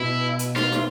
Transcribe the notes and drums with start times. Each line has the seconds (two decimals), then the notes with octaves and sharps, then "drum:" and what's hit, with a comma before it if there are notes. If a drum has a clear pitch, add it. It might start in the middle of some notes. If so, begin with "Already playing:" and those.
Already playing: B2 E4
0.39 drum: hi-hat
0.56 F4, drum: snare
0.72 drum: snare